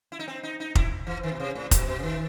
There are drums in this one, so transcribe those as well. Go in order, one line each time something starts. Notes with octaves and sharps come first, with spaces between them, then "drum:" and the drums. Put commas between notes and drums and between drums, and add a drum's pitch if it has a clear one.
E4
D#4
C4
D#4
D#4
E4, drum: kick
E3
D#3
B2
C3
A2
B2, drum: kick, hi-hat
B2
C3
D#3